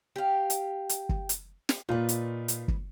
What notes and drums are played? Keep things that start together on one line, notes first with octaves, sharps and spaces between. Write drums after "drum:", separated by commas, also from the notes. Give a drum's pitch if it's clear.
G4 F5
drum: hi-hat
drum: hi-hat
drum: kick
drum: hi-hat
drum: snare
A#2 D#4 F4 B4
drum: hi-hat
drum: hi-hat
drum: kick